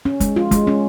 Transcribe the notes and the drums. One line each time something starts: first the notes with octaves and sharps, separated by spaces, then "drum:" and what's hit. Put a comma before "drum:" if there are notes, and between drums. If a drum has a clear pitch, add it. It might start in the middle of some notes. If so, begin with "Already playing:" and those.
C#4
G#3, drum: kick, hi-hat
F4
G#3, drum: kick, hi-hat
C#4